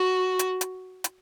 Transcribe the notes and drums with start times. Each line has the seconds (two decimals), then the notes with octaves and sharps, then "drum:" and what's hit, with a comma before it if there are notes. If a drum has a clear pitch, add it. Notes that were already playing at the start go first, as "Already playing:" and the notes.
Already playing: F#4
0.39 drum: hi-hat
0.61 drum: hi-hat
1.04 drum: hi-hat